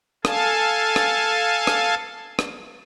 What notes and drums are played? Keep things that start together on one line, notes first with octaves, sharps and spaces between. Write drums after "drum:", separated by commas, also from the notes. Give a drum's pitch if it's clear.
A4 F5 G#5 A5, drum: rim click
drum: rim click
drum: rim click
drum: rim click